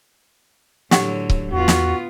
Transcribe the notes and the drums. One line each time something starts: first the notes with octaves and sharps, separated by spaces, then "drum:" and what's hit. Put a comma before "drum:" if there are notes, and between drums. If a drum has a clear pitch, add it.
A2 D3 F#3 G4 F#5, drum: snare
drum: kick C#1
E2 B3 F4 F#4
drum: snare